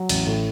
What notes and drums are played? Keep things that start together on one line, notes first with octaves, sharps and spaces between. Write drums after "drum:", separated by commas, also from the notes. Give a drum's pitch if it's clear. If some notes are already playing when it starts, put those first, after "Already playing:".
Already playing: F#3
A1, drum: cymbal
A2